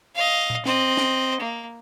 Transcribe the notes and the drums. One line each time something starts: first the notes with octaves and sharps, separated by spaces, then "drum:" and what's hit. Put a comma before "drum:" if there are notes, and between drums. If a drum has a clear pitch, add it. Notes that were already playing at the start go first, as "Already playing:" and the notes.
D#5 F5
drum: tom A#2
C4 D#5, drum: snare
drum: snare
A#3